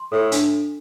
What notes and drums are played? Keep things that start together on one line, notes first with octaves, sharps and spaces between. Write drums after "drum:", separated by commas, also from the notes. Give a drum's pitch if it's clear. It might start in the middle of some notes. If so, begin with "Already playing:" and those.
Already playing: C6
A2 A4
D4, drum: hi-hat